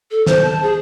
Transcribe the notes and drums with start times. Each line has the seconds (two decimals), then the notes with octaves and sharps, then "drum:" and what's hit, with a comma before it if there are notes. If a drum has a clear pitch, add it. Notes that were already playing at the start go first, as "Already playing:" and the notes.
0.11 A4
0.27 C5, drum: snare
0.43 A5
0.63 G#4